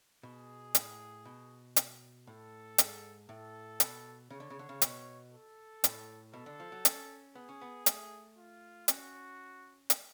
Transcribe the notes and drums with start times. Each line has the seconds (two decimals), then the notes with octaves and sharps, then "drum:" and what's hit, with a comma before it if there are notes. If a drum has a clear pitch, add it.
0.23 B2 G#4
0.75 A2, drum: hi-hat
1.25 B2
1.76 drum: hi-hat
2.27 A2 A4
2.78 G#2, drum: hi-hat
3.29 A2 A4
3.80 B2, drum: hi-hat
4.30 C#3 C#5
4.40 D3
4.50 C#3
4.59 D3
4.69 C#3
4.82 B2, drum: hi-hat
5.32 A4
5.84 A2, drum: hi-hat
6.33 B2 A4
6.46 D3
6.60 F3
6.72 F#3
6.85 C#4, drum: hi-hat
7.35 B3 G#4
7.49 C#4
7.61 B3
7.86 A3, drum: hi-hat
8.37 F4
8.88 C#4 F#4, drum: hi-hat
9.90 drum: hi-hat